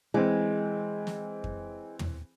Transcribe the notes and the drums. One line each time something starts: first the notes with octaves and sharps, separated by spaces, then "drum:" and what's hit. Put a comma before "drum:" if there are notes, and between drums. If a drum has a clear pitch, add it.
E3 G#3 C4
drum: snare
drum: kick F2
drum: tom